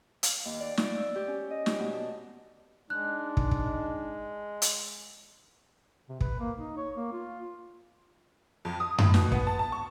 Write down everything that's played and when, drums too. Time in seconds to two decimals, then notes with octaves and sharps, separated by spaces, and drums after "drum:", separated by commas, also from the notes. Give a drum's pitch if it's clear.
0.23 F5, drum: hi-hat
0.45 D#2
0.60 D5
0.77 D5, drum: snare
0.95 E6
1.15 G4
1.28 C#4
1.51 D#5
1.66 G4, drum: snare
1.79 B2
1.92 A5
2.90 G#3 D4 D#4 F#6
3.37 drum: kick
3.51 drum: kick
4.62 drum: hi-hat
6.09 C3
6.21 B4, drum: kick
6.39 A#3
6.58 D#4
6.77 C#5
6.95 A#3
7.12 F4
8.65 F2
8.80 D#6
8.98 A2, drum: tom F#2
9.14 B2, drum: snare
9.32 B3, drum: kick
9.47 A5
9.59 A5
9.72 C#6